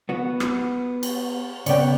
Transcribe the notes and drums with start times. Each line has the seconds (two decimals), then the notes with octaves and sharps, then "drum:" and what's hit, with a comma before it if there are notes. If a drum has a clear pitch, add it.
0.09 B3 F#4
0.40 drum: rim click
1.03 drum: cymbal
1.66 C#3 B3 C#5 D5 G5, drum: cymbal